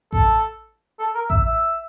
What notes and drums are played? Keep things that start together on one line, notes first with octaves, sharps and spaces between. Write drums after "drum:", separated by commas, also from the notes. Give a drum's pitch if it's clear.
A4, drum: kick A1
A4
A#4
E5, drum: kick A1
E5